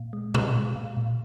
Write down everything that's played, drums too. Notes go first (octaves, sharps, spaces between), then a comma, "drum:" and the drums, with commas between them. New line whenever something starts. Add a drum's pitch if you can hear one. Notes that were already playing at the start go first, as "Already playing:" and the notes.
Already playing: A#2
G#3
G#3, drum: tom A#2
A#2
A#2
A#2